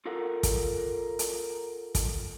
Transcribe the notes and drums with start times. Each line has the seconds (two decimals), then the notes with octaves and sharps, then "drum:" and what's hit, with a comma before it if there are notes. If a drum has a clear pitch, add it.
0.05 F4 A4 A#4 F5 F#5
0.43 drum: kick, hi-hat
1.19 drum: hi-hat
1.95 drum: kick, hi-hat